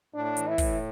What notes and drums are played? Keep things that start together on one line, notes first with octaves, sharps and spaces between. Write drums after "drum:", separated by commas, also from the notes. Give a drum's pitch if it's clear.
A2 D4
E3, drum: hi-hat
E4
A2, drum: kick, open hi-hat